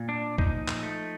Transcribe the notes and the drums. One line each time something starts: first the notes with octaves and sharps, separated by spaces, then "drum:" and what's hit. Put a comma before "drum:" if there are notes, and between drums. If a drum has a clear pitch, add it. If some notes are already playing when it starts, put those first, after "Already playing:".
Already playing: A#2
D4
F3 D#4, drum: kick
drum: clap
A3